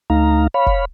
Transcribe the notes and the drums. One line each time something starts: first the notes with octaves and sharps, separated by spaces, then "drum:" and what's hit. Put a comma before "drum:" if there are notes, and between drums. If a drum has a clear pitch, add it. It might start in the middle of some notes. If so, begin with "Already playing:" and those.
D2 A3 D#4 F5 A#5
C#5 F5 B5
drum: kick